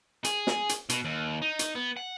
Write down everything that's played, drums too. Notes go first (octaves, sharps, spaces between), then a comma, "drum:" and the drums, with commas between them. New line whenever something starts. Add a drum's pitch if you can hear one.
G#4, drum: hi-hat
drum: snare
drum: hi-hat
B2, drum: hi-hat
D#2
D#4
drum: hi-hat
B3
F#5